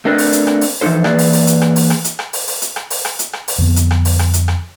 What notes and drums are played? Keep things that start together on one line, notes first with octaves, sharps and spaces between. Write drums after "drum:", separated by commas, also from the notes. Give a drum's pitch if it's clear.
A3 C4 D4 A#4 B4 D#5
drum: open hi-hat
drum: hi-hat
drum: rim click
drum: open hi-hat
E3 F3 G3 D#4 A4 C5
E3 A#3 G#4 B4 D5, drum: rim click
drum: open hi-hat
drum: open hi-hat
drum: hi-hat
drum: rim click
drum: open hi-hat
drum: rim click
drum: hi-hat
drum: rim click
drum: open hi-hat
drum: open hi-hat
drum: hi-hat
drum: rim click
drum: open hi-hat
drum: rim click
drum: hi-hat
drum: rim click
drum: open hi-hat
F2 D3 B3
drum: hi-hat
drum: rim click
drum: open hi-hat
drum: rim click
drum: hi-hat
drum: rim click